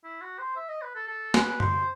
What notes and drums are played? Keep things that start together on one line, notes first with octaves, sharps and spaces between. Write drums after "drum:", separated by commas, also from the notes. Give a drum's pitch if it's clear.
E4
F#4
C5
E5
D#5
B4
A4
A4
B4, drum: snare
C5, drum: tom F#2